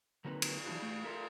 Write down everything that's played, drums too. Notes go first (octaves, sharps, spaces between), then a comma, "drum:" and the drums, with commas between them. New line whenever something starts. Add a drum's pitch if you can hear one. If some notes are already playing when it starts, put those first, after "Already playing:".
D3 F#3 A#3 C4 D#4 B4
drum: cymbal
E3 F#3 G3 D4 E4 F#4
A3 E4
F4 G4 A4 A#4 E5 F5